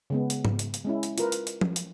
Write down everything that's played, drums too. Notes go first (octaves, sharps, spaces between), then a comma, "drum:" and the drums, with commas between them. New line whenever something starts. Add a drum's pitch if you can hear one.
C#3 G#3 B3
drum: hi-hat
drum: tom G#2
drum: hi-hat
drum: hi-hat
G#3 C#4 E4
drum: hi-hat
F4 A#4 B4, drum: hi-hat
drum: hi-hat
drum: hi-hat
drum: tom F3
drum: hi-hat